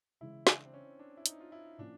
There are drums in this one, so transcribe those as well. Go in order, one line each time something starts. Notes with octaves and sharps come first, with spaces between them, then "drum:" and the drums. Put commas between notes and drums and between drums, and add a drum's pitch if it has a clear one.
C#3 E3 G#3 E4
D4, drum: snare
C4
C#4
D4
E4
D#4, drum: hi-hat
F4
E4
A2 F3 A#3 C#4 D4